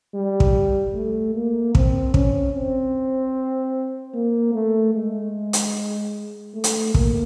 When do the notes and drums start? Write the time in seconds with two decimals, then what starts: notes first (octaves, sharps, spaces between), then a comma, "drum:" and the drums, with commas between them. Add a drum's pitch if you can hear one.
0.15 G3
0.40 drum: kick
0.94 A3
1.35 A#3
1.75 C4, drum: kick
2.14 C#4, drum: kick
2.55 C4
4.14 A#3
4.54 A3
4.94 G#3
5.53 drum: hi-hat
6.54 A3
6.64 drum: hi-hat
6.94 A#3, drum: kick